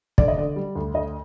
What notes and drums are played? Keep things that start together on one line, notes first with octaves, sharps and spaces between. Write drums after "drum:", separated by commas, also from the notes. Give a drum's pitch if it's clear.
D3 D5, drum: kick
D#5
D3 D5
G3
D2
D2 D#5